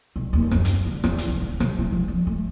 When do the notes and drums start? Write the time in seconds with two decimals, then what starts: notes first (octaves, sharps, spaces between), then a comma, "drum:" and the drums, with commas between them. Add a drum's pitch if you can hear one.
0.16 B1
0.33 D#2
0.51 F#2, drum: rim click
0.65 drum: hi-hat
0.85 D3
1.04 E2, drum: rim click
1.18 drum: hi-hat
1.28 C#2
1.41 D#2
1.60 B2, drum: rim click
1.79 E4
1.92 F3
2.08 F3
2.27 A3